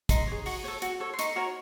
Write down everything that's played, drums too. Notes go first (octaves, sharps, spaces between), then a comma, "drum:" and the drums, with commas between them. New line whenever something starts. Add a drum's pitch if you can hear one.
D#4 C6, drum: kick, hi-hat
G#4 C#5
F#4 C#6, drum: open hi-hat
A4 C#5
F#4, drum: hi-hat
A4 C#5
C6
D#4 C#6, drum: hi-hat
F#4 A#4 C#5